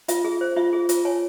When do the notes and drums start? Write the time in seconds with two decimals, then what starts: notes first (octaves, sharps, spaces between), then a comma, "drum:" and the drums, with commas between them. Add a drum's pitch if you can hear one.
0.08 F4 E5, drum: hi-hat
0.25 G#4
0.41 C5
0.56 F4 E5
0.73 G#4
0.89 F4, drum: hi-hat
1.05 C#5 G#5